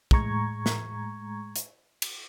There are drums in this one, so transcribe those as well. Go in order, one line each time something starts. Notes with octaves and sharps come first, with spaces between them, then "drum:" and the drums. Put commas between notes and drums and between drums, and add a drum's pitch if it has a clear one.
A2 G#3 A#5 C#6 G#6, drum: kick
drum: snare
drum: hi-hat
drum: cymbal